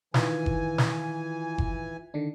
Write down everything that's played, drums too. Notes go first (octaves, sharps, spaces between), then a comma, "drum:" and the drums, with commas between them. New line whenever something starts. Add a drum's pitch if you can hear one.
D#3 E3 F4 G#5, drum: snare
drum: kick F#1
drum: snare
drum: kick F#1
D3 D#3 D4